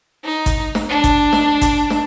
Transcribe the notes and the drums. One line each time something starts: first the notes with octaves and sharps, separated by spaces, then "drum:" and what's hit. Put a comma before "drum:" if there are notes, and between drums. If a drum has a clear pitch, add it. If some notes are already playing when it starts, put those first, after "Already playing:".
D#4
drum: kick G#1, hi-hat
drum: snare
D4
drum: kick G#1, hi-hat
drum: snare
drum: kick G#1, hi-hat
drum: snare